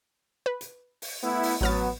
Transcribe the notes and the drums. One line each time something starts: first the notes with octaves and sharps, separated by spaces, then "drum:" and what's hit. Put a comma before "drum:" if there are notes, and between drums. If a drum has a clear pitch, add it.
B4
drum: hi-hat
drum: open hi-hat
A3 B3 E4
drum: open hi-hat
A1 F#3 B3 F6 A6